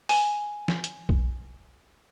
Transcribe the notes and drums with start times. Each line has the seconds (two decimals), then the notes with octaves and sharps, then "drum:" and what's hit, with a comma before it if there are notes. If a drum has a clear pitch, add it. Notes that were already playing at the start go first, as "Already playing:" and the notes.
0.09 G#5, drum: open hi-hat
0.68 drum: snare F3
0.84 drum: hi-hat
1.09 drum: kick A#1